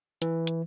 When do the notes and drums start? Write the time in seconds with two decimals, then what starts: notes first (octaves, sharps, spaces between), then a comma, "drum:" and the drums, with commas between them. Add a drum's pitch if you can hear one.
0.22 E3, drum: hi-hat
0.47 drum: hi-hat